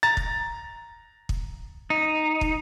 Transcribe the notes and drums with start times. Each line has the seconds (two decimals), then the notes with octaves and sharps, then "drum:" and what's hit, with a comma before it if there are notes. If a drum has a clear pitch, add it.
0.03 A#5 A6
0.17 drum: kick
1.29 drum: kick
1.90 D#4
2.41 drum: kick